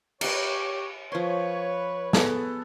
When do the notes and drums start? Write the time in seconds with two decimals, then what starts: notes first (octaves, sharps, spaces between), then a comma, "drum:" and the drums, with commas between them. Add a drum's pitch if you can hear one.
0.21 G4 A#4 B4 C#5, drum: cymbal
1.12 F3 B4 C#5 C6
2.13 B3 G#4 A4 B4 C#5, drum: snare